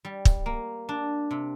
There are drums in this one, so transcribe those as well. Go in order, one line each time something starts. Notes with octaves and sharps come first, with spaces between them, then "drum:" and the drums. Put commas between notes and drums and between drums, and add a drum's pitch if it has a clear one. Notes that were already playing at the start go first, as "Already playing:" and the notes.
G3
drum: kick
A#3
D4
C3